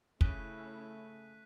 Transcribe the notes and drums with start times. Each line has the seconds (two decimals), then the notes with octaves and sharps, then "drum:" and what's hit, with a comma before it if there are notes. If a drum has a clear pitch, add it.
0.21 C#3 A3 C#4 E4 F#6 B6 D#7, drum: kick